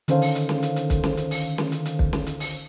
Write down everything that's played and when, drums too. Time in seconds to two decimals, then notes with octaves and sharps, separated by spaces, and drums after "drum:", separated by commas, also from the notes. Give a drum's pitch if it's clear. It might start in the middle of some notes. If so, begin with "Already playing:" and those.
0.08 D3 D#3 C#4 A4 C5 F5, drum: hi-hat
0.22 drum: open hi-hat
0.35 drum: hi-hat
0.49 drum: snare
0.63 drum: hi-hat
0.76 drum: hi-hat
0.90 drum: kick, hi-hat
1.04 drum: snare
1.17 drum: hi-hat
1.31 drum: open hi-hat
1.58 drum: snare
1.72 drum: hi-hat
1.85 drum: hi-hat
1.99 drum: kick
2.13 drum: snare
2.26 drum: hi-hat
2.40 drum: open hi-hat